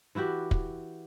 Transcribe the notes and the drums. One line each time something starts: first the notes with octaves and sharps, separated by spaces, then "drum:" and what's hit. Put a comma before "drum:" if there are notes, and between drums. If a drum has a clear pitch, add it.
E3 E4 F#4 G4
drum: kick